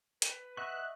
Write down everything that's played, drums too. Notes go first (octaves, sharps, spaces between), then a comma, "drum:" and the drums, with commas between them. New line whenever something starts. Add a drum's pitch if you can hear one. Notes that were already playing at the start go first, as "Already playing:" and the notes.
B4, drum: hi-hat
D#5 E5 F#5 C#6 F#6